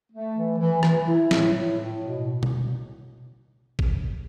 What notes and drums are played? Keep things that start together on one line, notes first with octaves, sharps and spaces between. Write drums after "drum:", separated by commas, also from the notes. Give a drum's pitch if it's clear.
A3
E3
E3
E3, drum: rim click
E4
A2, drum: snare
A2
A2
B2
drum: tom B2
drum: kick